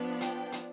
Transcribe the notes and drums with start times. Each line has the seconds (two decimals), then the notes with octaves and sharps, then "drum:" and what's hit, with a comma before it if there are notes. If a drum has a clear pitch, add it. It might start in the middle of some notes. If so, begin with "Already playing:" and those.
Already playing: F3 B3 D4
0.21 G5, drum: hi-hat
0.52 drum: hi-hat